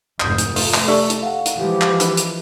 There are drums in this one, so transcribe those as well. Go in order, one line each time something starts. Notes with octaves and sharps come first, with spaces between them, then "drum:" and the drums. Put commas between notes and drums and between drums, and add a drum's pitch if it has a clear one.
F1 G#2 D#6 G6, drum: clap
drum: hi-hat
A3 F4, drum: open hi-hat
drum: clap
G4 A4 D5 E5 A5 C#6
drum: hi-hat
F5 F#5
drum: hi-hat
E3 F3 G#3 G4
drum: clap
E4 B4, drum: hi-hat
drum: hi-hat